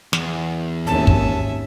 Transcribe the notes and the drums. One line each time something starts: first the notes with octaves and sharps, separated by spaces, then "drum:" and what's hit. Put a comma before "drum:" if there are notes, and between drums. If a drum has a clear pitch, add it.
E2, drum: snare
G#1 D#2 C#4 E5 A5
drum: kick